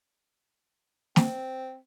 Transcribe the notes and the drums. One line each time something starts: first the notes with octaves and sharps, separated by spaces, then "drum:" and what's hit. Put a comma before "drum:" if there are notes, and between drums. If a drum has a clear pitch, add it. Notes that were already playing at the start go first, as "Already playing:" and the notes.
C4, drum: snare